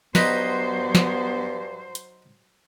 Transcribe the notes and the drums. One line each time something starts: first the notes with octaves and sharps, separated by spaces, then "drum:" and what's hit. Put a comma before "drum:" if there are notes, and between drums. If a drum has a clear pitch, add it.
G2 F#3 B3 D#4 B4 C5 D#5, drum: snare
drum: snare
drum: hi-hat